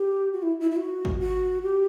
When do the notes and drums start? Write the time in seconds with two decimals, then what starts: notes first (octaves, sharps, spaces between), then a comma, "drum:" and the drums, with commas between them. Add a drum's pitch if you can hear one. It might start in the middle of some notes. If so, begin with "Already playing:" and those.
Already playing: G4
0.33 F#4
0.43 E4
0.60 E4
0.71 E4
0.77 F#4
1.05 drum: kick G#1
1.20 F#4
1.63 G4